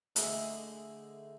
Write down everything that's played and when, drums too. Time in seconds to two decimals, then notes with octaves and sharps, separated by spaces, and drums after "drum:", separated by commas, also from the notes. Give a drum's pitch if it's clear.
0.16 D3 A3 E4 G#4 C5 D#5, drum: hi-hat